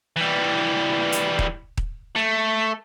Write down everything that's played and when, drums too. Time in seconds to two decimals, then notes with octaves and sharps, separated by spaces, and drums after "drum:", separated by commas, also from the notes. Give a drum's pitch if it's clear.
0.16 E3 G3
1.12 drum: hi-hat
1.39 drum: kick D#1
1.77 drum: kick D#1
2.16 A3